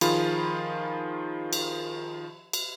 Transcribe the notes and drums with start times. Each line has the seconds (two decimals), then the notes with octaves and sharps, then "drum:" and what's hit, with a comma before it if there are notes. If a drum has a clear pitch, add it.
0.01 D#3 F3 F4 G#4 B5, drum: cymbal
1.53 drum: cymbal
2.53 drum: cymbal